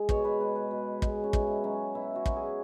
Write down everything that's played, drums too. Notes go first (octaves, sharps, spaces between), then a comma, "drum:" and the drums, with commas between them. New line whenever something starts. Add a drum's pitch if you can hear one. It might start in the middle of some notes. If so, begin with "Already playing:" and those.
Already playing: G#3
B2 C#5, drum: kick
B4
G#3 B4
B4
B2
G#3, drum: kick
C#4
B2 E4, drum: kick
F#3 C#4
B2 E4
F#4
F#3, drum: kick
G#4